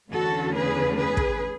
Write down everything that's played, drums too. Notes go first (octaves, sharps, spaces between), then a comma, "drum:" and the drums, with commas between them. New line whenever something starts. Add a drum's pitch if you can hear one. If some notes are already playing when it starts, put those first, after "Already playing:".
E2 D3 A3 C#4 F#4 A4
G#4 B4
G#4 B4
drum: kick